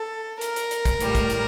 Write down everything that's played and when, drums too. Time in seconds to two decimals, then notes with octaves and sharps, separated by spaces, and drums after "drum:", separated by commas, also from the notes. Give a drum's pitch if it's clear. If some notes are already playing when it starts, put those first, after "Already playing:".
Already playing: A4
0.41 A#4, drum: hi-hat
0.56 drum: hi-hat
0.71 drum: hi-hat
0.85 drum: kick, hi-hat
1.00 A2 G3, drum: hi-hat
1.15 drum: kick, hi-hat
1.30 drum: hi-hat